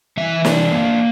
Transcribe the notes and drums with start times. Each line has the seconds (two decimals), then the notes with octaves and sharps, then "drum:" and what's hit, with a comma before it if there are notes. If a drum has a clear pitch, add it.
0.17 E3 E5
0.45 D4, drum: snare
0.72 A#3